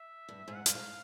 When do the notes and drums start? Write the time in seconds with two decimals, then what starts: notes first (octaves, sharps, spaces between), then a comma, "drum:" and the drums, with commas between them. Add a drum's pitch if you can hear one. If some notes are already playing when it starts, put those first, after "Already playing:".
Already playing: E5
0.29 G2
0.48 G#2
0.56 F#5
0.66 G2 F5, drum: hi-hat
0.75 G#2